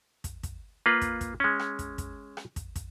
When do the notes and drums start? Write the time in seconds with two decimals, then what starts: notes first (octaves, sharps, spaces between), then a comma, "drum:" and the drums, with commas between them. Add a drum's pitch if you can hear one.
0.24 drum: kick, hi-hat
0.43 drum: kick, hi-hat
0.86 A#3 F4 B4
1.01 drum: kick, hi-hat
1.21 drum: kick, hi-hat
1.40 G#3 C#4
1.59 drum: rim click
1.79 drum: kick, hi-hat
1.98 drum: kick, hi-hat
2.37 drum: rim click
2.56 drum: kick, hi-hat
2.76 drum: kick, hi-hat